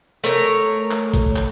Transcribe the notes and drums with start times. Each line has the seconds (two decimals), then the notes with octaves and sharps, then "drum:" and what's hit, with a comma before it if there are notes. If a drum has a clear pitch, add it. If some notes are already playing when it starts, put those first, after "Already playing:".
0.24 A3 A#4 C#5
0.91 drum: clap
1.14 drum: kick G#1, hi-hat
1.36 drum: clap